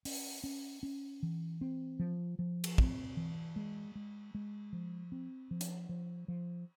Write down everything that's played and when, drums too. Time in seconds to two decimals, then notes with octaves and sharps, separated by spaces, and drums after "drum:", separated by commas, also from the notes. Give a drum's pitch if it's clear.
0.05 C#4, drum: open hi-hat
0.44 C#4
0.83 C#4
1.23 E3
1.61 C4
1.99 F3
2.39 F3
2.64 drum: cymbal
2.78 C4, drum: kick
3.17 E3
3.56 G#3
3.95 G#3
4.35 G#3
4.73 F3
5.12 C4
5.51 F3
5.61 drum: hi-hat
5.89 F3
6.28 F3